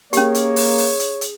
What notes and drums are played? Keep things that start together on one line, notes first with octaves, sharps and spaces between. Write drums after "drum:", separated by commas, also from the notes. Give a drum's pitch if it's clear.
A#3 C#4 G4 G#4 C#5, drum: hi-hat
drum: hi-hat
drum: open hi-hat
drum: open hi-hat
drum: hi-hat
drum: hi-hat